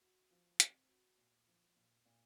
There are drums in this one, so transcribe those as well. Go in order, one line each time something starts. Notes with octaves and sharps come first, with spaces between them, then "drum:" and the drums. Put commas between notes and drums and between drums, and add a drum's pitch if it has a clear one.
F#4
F3
C4, drum: hi-hat
F#4
A#2
F3
A#2
A#2